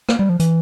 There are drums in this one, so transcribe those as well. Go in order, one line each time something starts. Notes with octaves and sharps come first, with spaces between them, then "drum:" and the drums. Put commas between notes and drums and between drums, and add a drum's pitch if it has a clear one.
A#3, drum: rim click
G3
F3
E3, drum: hi-hat